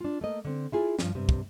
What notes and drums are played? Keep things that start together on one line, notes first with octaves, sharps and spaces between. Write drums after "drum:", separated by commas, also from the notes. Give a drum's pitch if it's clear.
D4 F4
A3 A#3 D#5
D3 C4
E4 F4 G#4
G2 F3, drum: snare
G2 C3
drum: kick